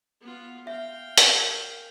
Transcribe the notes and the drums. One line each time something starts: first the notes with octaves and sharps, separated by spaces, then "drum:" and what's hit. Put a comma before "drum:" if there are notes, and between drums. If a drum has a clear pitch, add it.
B3 F4
E5 F5 G5
A#4, drum: hi-hat